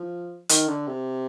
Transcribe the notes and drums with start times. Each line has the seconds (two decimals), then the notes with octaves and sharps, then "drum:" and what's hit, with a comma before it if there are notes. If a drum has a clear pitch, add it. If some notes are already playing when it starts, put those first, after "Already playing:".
Already playing: F3
0.49 D#3, drum: hi-hat
0.68 D3
0.87 C3